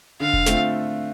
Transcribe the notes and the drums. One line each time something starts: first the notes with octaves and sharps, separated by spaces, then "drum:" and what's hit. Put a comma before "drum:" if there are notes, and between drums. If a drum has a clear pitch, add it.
D3 F5
drum: kick E1
A3 C4 F4, drum: snare